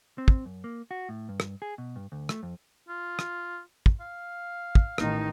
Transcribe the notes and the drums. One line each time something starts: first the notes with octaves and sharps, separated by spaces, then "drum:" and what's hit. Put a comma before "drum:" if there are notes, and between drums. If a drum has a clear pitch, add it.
C4
drum: kick
F#2
A#3
F#4
A2
G2
drum: rim click
G#4
B2
G2
D2
A3, drum: rim click
F2
F4
drum: rim click
drum: kick
F5
drum: kick
A1 D#3 D#4, drum: rim click